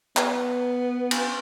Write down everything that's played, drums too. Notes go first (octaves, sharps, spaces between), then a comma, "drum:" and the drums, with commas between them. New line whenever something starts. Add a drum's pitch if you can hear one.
B3, drum: clap
drum: cymbal